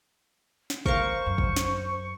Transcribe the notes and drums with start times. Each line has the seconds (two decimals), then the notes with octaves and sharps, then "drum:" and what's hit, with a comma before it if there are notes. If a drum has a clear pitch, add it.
0.70 drum: snare
0.86 A#4 C5 F5 C#6, drum: kick
1.26 F#2
1.38 drum: kick
1.56 drum: snare